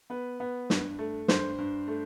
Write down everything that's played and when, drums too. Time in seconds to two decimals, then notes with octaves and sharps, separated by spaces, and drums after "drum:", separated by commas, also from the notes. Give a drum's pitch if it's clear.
0.10 B3 B4
0.40 B3
0.70 G2, drum: snare
0.99 A3
1.28 G2 C5, drum: snare
1.58 G2
1.88 A3